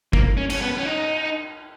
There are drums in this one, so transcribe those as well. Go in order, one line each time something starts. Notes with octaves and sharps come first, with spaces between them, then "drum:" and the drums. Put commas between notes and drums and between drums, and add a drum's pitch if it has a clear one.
A#3, drum: kick
C#4
C#4, drum: cymbal
B3
C#4
D#4